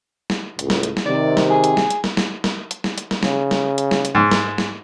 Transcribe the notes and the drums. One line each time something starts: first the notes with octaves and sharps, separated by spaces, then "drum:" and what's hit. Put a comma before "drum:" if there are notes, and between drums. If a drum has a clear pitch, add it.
drum: snare
C#2 A2, drum: hi-hat
drum: snare
drum: hi-hat
drum: snare
C3 D#3 D5
drum: snare
G#4
drum: hi-hat
drum: snare
drum: hi-hat
drum: snare
drum: snare
drum: snare
drum: hi-hat
drum: snare
drum: hi-hat
drum: snare
C#3, drum: snare
drum: snare
drum: hi-hat
drum: snare
drum: hi-hat
G#2
drum: snare
drum: snare